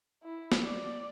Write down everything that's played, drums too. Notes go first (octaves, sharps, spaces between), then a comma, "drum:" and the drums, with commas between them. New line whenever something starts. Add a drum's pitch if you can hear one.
E4
drum: snare
D5